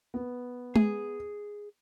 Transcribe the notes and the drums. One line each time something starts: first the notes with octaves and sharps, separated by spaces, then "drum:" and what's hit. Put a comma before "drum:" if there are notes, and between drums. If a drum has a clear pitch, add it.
B3
G#4, drum: tom G#3